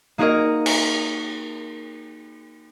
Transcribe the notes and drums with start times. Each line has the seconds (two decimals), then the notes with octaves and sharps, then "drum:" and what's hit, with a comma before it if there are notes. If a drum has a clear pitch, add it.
0.18 A#3 D#4 F#4 G#4 A#4 D#5
0.66 drum: cymbal